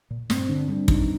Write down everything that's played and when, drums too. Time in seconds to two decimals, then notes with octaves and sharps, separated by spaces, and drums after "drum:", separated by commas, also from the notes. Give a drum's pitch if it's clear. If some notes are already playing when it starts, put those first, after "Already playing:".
0.10 A#2
0.30 G2 C4, drum: snare
0.49 D3 D4
0.68 G3 D4
0.88 G2 D#4, drum: kick